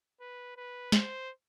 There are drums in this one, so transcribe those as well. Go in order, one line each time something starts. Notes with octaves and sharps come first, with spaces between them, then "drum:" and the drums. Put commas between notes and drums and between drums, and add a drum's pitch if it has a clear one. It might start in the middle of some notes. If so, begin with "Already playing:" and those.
B4
B4
C5, drum: snare